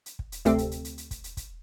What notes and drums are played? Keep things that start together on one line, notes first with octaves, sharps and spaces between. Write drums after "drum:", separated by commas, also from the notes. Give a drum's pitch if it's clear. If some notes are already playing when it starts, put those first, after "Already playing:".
drum: hi-hat
drum: kick
drum: hi-hat
D2 C3 A3 C4 A4, drum: kick, hi-hat
drum: hi-hat
drum: hi-hat
drum: hi-hat
drum: hi-hat
drum: kick, hi-hat
drum: hi-hat
drum: kick, hi-hat